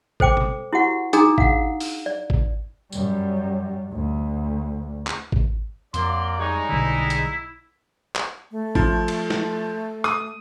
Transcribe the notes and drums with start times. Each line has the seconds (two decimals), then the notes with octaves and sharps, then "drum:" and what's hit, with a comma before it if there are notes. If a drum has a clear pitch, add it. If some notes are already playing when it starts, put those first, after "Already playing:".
0.20 A4 C5 G5 D6, drum: kick G#1
0.37 drum: tom
0.73 E4 F#4 G4 F#5 C#6
1.13 D4 D#4 F#4 G#4 A#5 D#6, drum: hi-hat
1.38 F5 F#5, drum: kick G#1
1.80 drum: open hi-hat
2.06 D5
2.30 drum: kick G#1
2.92 F#2 G3, drum: tambourine
3.93 D2
5.07 drum: clap
5.32 drum: kick G#1
5.94 F2 F#3 A#3 D5 C6, drum: hi-hat
6.39 G3 G#3 D#4 C#5
6.69 B1 D3 E4
7.10 drum: hi-hat
8.16 drum: clap
8.51 A3
8.75 F3, drum: kick G#1
9.08 drum: cymbal
9.30 drum: snare
10.04 D#6, drum: rim click